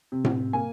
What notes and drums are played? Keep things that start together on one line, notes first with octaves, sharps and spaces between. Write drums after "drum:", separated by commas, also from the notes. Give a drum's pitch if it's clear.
C3
drum: tom A2
A#3 G#5